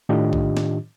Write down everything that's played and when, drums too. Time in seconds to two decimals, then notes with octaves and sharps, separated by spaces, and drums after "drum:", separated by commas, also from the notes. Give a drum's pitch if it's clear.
0.09 A2 D#3 D4 F4 G4 D#5
0.33 drum: kick A#1
0.57 drum: snare